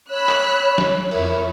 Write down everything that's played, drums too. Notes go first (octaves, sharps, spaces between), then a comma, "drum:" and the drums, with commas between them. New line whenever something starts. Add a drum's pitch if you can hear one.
C#5 B5 E6 F#6
drum: clap
drum: snare
F2 E4 A#4 C#5, drum: cymbal